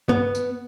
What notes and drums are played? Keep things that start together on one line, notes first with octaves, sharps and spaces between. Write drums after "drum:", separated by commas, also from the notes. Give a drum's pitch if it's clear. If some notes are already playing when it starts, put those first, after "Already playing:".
B3, drum: tom G2
drum: tambourine